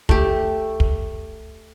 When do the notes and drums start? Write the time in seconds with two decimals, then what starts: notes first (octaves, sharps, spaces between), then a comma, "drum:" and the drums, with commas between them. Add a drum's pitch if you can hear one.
0.09 A3 G4, drum: kick
0.80 drum: kick